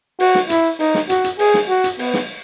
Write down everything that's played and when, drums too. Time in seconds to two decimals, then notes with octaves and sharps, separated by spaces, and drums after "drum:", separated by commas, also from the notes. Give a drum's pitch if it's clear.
0.20 F#4, drum: open hi-hat
0.35 drum: snare
0.50 E4, drum: hi-hat
0.80 D#4, drum: open hi-hat
0.94 drum: snare
1.10 F#4, drum: hi-hat
1.24 drum: hi-hat
1.39 G#4, drum: open hi-hat
1.54 drum: snare
1.69 F#4
1.84 drum: hi-hat
1.99 B3, drum: open hi-hat
2.14 drum: snare